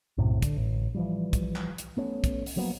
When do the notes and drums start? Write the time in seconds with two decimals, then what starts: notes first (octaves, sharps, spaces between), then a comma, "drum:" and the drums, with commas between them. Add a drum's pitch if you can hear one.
0.17 B1 F#2 A2 C3
0.42 D3, drum: kick, hi-hat
0.57 A1
0.95 E3 F3 G3
1.33 drum: kick, hi-hat
1.56 drum: clap
1.78 drum: hi-hat
1.97 A3 B3 C#4
2.24 drum: kick, hi-hat
2.46 drum: open hi-hat
2.56 F3 F#3 A#3 B3